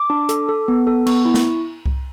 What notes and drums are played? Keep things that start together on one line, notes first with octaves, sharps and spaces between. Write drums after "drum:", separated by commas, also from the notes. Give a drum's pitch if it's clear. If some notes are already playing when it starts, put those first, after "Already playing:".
Already playing: D6
D4
A4, drum: hi-hat
A4
B3
A4
B3 C#6, drum: cymbal
E4
drum: snare
drum: kick C2